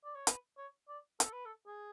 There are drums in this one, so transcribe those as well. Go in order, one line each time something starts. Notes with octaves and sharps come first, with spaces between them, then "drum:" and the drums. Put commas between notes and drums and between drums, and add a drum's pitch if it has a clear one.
D5
C#5
B4, drum: hi-hat
C#5
D5
A4, drum: hi-hat
B4
A4
G#4